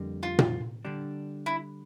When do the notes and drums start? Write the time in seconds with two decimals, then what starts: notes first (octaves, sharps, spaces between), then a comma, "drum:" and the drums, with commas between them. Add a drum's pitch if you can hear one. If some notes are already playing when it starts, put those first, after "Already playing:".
Already playing: F2 D3 G3 A#3
0.23 F4
0.39 drum: tom A#2
0.85 D3 G3 D4
1.46 E4